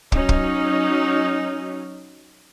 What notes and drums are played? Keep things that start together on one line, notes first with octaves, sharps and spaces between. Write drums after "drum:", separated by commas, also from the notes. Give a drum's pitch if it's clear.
F#3 C#4 D#4, drum: kick
drum: kick